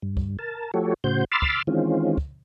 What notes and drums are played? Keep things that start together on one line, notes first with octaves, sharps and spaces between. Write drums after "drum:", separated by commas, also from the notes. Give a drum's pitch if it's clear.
G2
drum: kick
A#4 A5
F3 A3 F#4 G4 A4 C#5
A2 C#3 F#4 C5 G6
B5 C6 D6 E6 F6 A6
drum: kick
D#3 E3 G#3 C4 C#4 F4
drum: kick